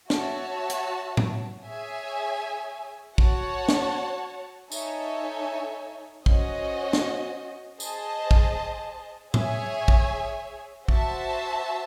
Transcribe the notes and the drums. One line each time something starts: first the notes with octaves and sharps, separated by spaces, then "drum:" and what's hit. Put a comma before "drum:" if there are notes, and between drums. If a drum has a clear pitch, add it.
F#4 C#5 E5 A5, drum: snare
drum: hi-hat
drum: tom A2
G#4 C#5 E5 G#5
F#4 C#5 F#5 A5, drum: kick
drum: snare
D#4 A4 C#5 E5 G#5, drum: tambourine
C#4 F#4 C5 D#5, drum: kick
drum: snare
G#4 C5 D#5 A5, drum: tambourine
drum: kick
G#4 C#5 E5 G#5, drum: tom A2
drum: kick
F#4 C5 E5 A5, drum: kick